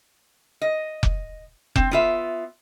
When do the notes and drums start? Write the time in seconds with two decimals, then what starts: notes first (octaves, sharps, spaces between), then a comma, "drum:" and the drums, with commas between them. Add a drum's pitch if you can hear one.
0.61 D#5
1.03 drum: kick F1
1.76 C4, drum: kick F1
1.91 B3 F4 E5